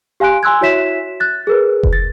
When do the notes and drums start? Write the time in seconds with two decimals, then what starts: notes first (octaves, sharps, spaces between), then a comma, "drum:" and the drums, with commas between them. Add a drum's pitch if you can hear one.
0.20 G4 F5 G#5 C6 F#6 D7
0.43 G#5 C6 E6 F#6 G#6
0.61 E4 F#4 C#5 E5 B6 E7
1.20 F#6 A6
1.47 G#4 A#4 B4
1.83 drum: kick F1
1.93 A6